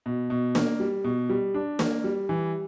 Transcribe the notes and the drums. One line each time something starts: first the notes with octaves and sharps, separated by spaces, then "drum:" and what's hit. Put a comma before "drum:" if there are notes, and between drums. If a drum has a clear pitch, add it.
B2
B2
A#3, drum: snare
G3
B2
G3
D4
A#3, drum: snare
G3
E3